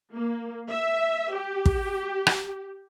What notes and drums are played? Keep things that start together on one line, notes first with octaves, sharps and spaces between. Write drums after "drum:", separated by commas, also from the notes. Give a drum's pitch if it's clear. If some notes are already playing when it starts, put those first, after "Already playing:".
A#3
E5
G4
drum: kick
drum: rim click